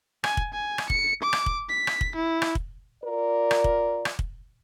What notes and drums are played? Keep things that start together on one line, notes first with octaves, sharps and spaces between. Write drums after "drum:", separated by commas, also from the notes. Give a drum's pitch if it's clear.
G#5, drum: rim click
drum: kick
G#5
drum: rim click
C#7, drum: kick
D6
drum: rim click
drum: kick
B6
drum: rim click
drum: kick
E4
drum: rim click
drum: kick
F4 A#4 D5
drum: rim click
drum: kick
drum: rim click
drum: kick